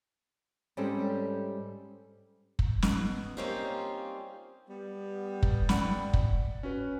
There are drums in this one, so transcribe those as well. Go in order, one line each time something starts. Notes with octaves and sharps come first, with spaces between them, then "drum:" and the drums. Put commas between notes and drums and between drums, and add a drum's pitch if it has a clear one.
G#2 G3 C4 C#4 G4 A4
drum: kick
B2, drum: snare
G3 A#3 C4 C#4 D#4 F4
G3 B3
drum: kick
D5 F#5 B5, drum: snare
drum: kick
C#4 F#4 B4